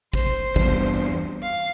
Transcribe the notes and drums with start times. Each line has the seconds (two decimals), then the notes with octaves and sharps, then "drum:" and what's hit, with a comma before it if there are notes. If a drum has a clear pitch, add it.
0.13 C5, drum: kick
0.56 E2 G2, drum: kick
1.43 F5